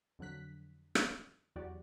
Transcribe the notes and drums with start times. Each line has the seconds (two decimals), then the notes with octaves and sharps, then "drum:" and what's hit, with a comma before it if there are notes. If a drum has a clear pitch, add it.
0.19 F2 D3 F#3 F#6 B6
0.95 drum: rim click
1.56 E2 F#3 F#4 G4 D5